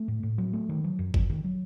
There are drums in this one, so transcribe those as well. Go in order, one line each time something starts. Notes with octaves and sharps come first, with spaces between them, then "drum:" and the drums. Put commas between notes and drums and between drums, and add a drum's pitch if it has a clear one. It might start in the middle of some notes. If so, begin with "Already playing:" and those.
Already playing: A3
A2
A2
F#3
A3
D#3
F#3
F#2
F#2, drum: kick G1
D#3
F#3